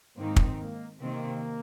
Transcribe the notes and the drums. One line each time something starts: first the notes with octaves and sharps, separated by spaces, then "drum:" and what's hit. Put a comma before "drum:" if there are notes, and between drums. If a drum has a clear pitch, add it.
G#2 D#3 A#3 C4 D#4
drum: kick
A#3
C3 D#3 A#3 C4